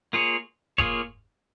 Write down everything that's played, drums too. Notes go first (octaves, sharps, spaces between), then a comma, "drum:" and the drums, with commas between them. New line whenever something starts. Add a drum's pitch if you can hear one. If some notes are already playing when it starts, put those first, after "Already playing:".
A#3 F4 G#4 C#5
A#3 F4 G#4 C#5, drum: kick F1